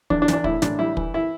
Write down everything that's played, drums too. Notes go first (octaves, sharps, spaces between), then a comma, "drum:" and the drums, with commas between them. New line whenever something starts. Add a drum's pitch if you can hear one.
E2 D4, drum: kick
D4
E2, drum: snare
D4
A2 E4, drum: kick
A1 D4, drum: snare
G3 E4
E3, drum: kick
E4